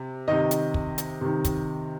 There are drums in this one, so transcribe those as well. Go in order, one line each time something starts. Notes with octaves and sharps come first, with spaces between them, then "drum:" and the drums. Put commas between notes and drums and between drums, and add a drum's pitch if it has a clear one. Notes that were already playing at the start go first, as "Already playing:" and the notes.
Already playing: C3
C3 D#3 D#5
drum: hi-hat
drum: kick
drum: hi-hat
C3 D#3
drum: kick, hi-hat